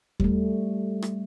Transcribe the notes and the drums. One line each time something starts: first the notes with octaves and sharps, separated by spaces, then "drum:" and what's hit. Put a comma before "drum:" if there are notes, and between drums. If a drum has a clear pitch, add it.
G3 A3, drum: kick D#2
drum: rim click